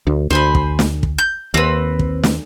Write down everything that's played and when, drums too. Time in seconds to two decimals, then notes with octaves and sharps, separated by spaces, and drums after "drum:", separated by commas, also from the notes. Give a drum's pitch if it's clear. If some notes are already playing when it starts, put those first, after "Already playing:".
0.07 D2
0.31 D2 C5 G#5 B5
0.55 drum: kick
0.79 drum: snare
1.03 drum: kick
1.18 G6
1.54 D#2 C4 B4
1.99 drum: kick
2.23 drum: snare